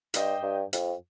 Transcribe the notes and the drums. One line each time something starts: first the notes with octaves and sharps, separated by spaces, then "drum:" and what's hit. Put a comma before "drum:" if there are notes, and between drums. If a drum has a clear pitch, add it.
G2 G4 C5 D#5 G5, drum: hi-hat
G2
F2, drum: hi-hat